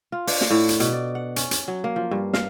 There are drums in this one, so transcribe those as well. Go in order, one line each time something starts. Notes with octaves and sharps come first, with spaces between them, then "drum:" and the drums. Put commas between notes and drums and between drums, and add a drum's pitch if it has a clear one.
F4
D4, drum: open hi-hat
drum: snare
A2
drum: hi-hat
B2, drum: hi-hat
D5
F#5
C#4, drum: hi-hat
drum: hi-hat
F#3
A#3
F3
G2
F5, drum: snare